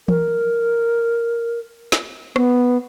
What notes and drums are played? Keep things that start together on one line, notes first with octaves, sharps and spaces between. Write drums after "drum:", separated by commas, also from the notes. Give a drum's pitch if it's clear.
A#4, drum: tom E3
drum: snare
B3, drum: rim click